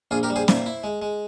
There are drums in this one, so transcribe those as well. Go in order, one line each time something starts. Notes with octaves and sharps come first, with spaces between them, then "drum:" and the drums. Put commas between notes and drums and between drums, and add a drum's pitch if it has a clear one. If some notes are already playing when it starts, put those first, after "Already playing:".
A#1 F4 G#4
G4 A#4
G3
G#4 C5
A#2 C5 E5, drum: snare
E4
G#3
G#3